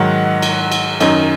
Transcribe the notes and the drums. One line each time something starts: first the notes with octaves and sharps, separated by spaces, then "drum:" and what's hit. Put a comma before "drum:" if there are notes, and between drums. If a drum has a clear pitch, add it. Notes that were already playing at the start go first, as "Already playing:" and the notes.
Already playing: G#2 D#3 F#3 F#5
drum: cymbal
drum: cymbal
F#2 D#3 F#3 D#4, drum: cymbal